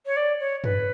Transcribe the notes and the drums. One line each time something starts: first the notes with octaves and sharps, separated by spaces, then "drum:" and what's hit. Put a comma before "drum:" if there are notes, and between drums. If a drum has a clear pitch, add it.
C#5
D5
C#5
B4, drum: tom F#2